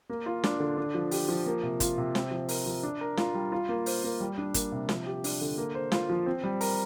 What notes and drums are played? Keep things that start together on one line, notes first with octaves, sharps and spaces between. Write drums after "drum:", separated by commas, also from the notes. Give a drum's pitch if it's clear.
A#3
F4
D4, drum: snare
D3
D4
F3
G4, drum: open hi-hat
F3
A#3
C3
F4, drum: kick G1, hi-hat
C3
C4, drum: snare
F3
A#4, drum: open hi-hat
F3
D4
A#4
F4, drum: snare
G3
F4
A#3
C5, drum: open hi-hat
A#3
G3
D4
A#3, drum: kick G1, hi-hat
C3
F3, drum: snare
G4
D4, drum: open hi-hat
D3
A#3
C5
F4, drum: snare
F3
C4
G3
A#4, drum: open hi-hat